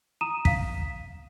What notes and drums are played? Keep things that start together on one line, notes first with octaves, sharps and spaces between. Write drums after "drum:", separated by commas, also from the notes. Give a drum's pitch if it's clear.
A#5 D#6 D#7 E7
F5 B6, drum: kick